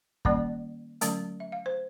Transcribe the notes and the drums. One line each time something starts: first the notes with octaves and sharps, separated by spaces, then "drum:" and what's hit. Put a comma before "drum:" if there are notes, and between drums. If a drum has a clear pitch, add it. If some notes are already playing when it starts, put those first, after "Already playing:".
D#3 G3 A#3 C#4 D5, drum: kick
D3 F#3 A3 C#4, drum: hi-hat
E5
F5
C5